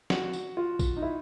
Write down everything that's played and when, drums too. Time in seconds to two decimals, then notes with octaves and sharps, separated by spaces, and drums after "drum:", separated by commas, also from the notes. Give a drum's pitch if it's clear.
0.10 F#4, drum: snare
0.33 drum: tambourine
0.57 F4
0.79 drum: kick, tambourine
0.97 D#4
1.02 E4